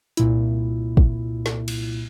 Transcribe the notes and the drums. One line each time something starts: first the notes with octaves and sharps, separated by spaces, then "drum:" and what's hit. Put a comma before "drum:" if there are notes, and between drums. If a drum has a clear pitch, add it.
C2 A#2 E4, drum: hi-hat
drum: kick
drum: snare
drum: cymbal